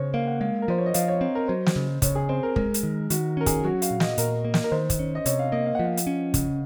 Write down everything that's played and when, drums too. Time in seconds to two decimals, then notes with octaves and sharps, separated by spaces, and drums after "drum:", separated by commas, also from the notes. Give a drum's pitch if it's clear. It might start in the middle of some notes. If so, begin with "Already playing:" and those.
Already playing: C#3 C5 C#5
0.14 A#3 F5
0.27 F#5
0.41 G#3 F5
0.62 A#4
0.68 F3 C5
0.78 C#5
0.86 D#5
0.94 F3 F5, drum: hi-hat
1.08 C#5
1.21 C4
1.35 A#4
1.48 F#3 C5
1.66 drum: snare
1.76 C#3
2.02 C#3 C#5, drum: kick, hi-hat
2.15 G#4
2.29 C4 C5
2.43 A#4
2.56 G#3 A#4, drum: kick
2.74 drum: hi-hat
2.83 D#3
3.10 D#3 F#4, drum: hi-hat
3.37 C#4 A#4
3.46 G#4, drum: kick, hi-hat
3.64 F#3 F#4
3.82 F5, drum: hi-hat
3.91 A#2
4.00 D#5, drum: snare
4.18 A#2 A#4, drum: hi-hat
4.45 A#3
4.54 drum: snare
4.64 A#4
4.72 D#3 C5
4.90 drum: kick, hi-hat
4.99 C#4
5.15 D#5
5.26 C3 C#5, drum: hi-hat
5.39 F5
5.52 A#3 D#5
5.66 F5
5.75 F#5
5.79 F3 F5
5.97 drum: hi-hat
6.07 C#4
6.34 C#3, drum: kick, hi-hat